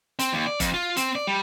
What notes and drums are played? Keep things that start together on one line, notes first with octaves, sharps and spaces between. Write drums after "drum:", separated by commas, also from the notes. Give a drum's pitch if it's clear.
C4, drum: hi-hat
D#2
D5
F2, drum: kick F1, hi-hat
F4
C4, drum: hi-hat
D5
G3